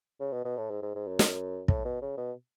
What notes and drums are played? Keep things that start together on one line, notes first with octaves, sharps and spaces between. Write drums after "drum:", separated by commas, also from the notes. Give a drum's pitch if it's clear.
C#3
B2
B2
A2
G#2
G#2
G#2
F#2
drum: snare
A2, drum: kick
B2
C#3
B2